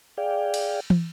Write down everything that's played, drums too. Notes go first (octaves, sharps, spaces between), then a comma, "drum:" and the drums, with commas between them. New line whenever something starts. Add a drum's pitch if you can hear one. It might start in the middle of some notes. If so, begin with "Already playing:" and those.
G#4 D5 F5 G5
drum: cymbal
drum: tom